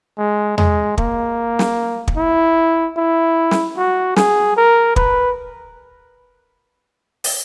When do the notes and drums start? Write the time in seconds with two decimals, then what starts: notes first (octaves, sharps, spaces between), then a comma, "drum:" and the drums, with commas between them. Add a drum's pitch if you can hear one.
0.18 G#3
0.58 G#3, drum: tom E2
0.98 A#3, drum: kick
1.59 drum: snare
2.08 drum: kick
2.17 E4
2.97 E4
3.51 drum: snare
3.77 F#4
4.16 G#4, drum: snare
4.57 A#4
4.96 B4, drum: kick
7.24 drum: open hi-hat